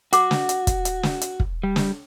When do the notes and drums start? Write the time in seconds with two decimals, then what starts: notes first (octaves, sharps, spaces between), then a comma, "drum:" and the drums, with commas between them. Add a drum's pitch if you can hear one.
0.13 F#4 F#5 D6, drum: hi-hat
0.31 drum: snare
0.49 drum: hi-hat
0.67 drum: kick, hi-hat
0.85 drum: hi-hat
1.03 drum: snare
1.21 drum: hi-hat
1.40 drum: kick
1.63 G3
1.76 drum: snare